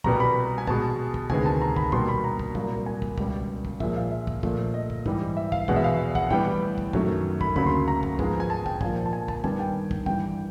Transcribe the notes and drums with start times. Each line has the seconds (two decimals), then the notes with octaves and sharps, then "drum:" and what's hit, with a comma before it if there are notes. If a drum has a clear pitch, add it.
0.04 C2 B2 G3 B3 A#5, drum: kick
0.20 B5
0.58 G#5
0.67 B2 G#3 B3 A5, drum: kick
1.14 drum: kick
1.30 D2 C3 D#3 G#3 B3 G#5, drum: kick
1.46 A5
1.62 A#5
1.76 B5, drum: kick
1.92 B2 G3 A#3 C6, drum: kick
2.08 B5
2.24 A#5
2.39 drum: kick
2.55 C2 A#2 F#3 A#3, drum: kick
2.86 G#5
3.02 drum: kick
3.18 C#2 B2 G3, drum: kick
3.65 drum: kick
3.80 A#2 F3 G#3 E5, drum: kick
3.96 F5
4.11 E5
4.27 drum: kick
4.43 A#2 F3 A3, drum: kick
4.74 D#5
4.90 drum: kick
5.06 G#2 E3 G3, drum: kick
5.37 E5
5.52 F5, drum: kick
5.68 E2 B2 G#3 B3 F#5, drum: kick
5.76 E5
5.84 F5
5.99 E5
6.15 F#5, drum: kick
6.31 A2 E3 G3 B3 G5, drum: kick
6.78 drum: kick
6.93 F#2 D#3 F#3 A3, drum: kick
7.41 B5, drum: kick
7.56 D2 C#3 F#3 A#3 B5, drum: kick
7.66 C6
7.88 A#5
8.03 drum: kick
8.19 G#2 F3 G#3 B3, drum: kick
8.40 G#5
8.50 A5
8.66 G5, drum: kick
8.81 A#2 F3 A#3 G#5, drum: kick
9.06 A5
9.13 G#5
9.28 A5, drum: kick
9.44 G2 D#3 G3 B3 G#5, drum: kick
9.60 G5
9.91 drum: kick
10.06 G2 E3 G3 G5, drum: kick